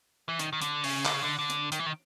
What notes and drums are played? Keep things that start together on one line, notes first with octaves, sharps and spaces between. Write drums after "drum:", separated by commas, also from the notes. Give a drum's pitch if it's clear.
E3
D#3, drum: hi-hat
D#3
D3, drum: hi-hat
C#3, drum: open hi-hat
D3, drum: clap
C#3
D3
D3
drum: hi-hat
D#3, drum: hi-hat
E3
D#3